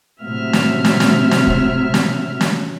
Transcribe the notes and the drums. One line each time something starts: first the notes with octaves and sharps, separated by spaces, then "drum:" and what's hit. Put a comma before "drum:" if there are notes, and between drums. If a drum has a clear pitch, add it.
A2 C3 F#3 E5 F6
drum: snare
drum: snare
drum: snare
drum: snare
drum: kick
drum: snare
drum: snare